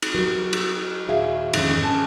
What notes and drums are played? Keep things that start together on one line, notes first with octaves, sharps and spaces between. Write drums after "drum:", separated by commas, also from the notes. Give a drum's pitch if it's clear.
drum: cymbal
F#3 F#4 G4 A#4
drum: cymbal
D#2 A#2 F#4 G#4 E5 F5
F2 G#2 D#3 G#3 C#4, drum: cymbal
D#3 C#4 A5